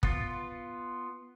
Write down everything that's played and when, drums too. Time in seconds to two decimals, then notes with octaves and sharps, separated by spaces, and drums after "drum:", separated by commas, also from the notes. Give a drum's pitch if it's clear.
0.03 B3 F4, drum: kick